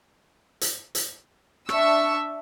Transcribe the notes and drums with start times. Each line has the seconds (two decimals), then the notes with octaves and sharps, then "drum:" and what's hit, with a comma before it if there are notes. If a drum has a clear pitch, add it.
0.61 drum: hi-hat
0.95 drum: hi-hat
1.69 D4 E5 C#6 E6, drum: rim click